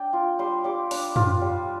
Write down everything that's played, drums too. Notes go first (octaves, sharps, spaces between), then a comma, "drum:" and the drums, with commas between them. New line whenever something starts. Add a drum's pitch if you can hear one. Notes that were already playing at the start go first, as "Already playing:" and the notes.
Already playing: D4 G5
F4
G3 C6
G3 D6
D4, drum: open hi-hat
F4, drum: tom
G3